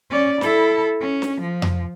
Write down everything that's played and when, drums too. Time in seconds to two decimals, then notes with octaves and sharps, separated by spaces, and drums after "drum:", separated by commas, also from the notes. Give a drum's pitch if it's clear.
0.10 C#4 D5
0.41 E4 A4, drum: snare
1.00 C#4
1.22 drum: snare
1.41 F3
1.62 drum: tom F2